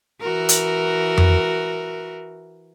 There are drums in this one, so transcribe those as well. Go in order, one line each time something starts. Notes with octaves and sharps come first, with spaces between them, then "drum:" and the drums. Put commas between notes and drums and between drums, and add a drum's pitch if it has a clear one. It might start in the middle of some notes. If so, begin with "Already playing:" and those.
E3 F#4 A#4
drum: hi-hat
drum: tom F2